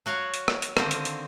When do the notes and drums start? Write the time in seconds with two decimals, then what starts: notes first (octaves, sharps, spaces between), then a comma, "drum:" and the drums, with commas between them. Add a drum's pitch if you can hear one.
0.06 F#3 F#4 C#5 F5
0.34 drum: hi-hat
0.48 drum: rim click
0.62 drum: hi-hat
0.77 D3 D#3 A#3 C4, drum: rim click
0.91 drum: hi-hat
1.05 drum: hi-hat